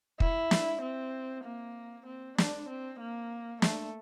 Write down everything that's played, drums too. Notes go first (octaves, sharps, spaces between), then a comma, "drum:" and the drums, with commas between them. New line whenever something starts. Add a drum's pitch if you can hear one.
E4, drum: kick
drum: snare
C4
A#3
C4
D4, drum: snare
C4
A#3
A3, drum: snare